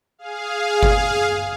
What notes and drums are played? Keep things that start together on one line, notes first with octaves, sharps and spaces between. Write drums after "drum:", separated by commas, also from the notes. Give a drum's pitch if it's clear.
G#4 F5
drum: kick G1